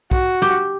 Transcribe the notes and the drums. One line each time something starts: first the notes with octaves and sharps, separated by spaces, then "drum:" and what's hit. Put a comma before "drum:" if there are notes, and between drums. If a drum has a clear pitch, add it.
F#4, drum: kick, tambourine
G4, drum: tom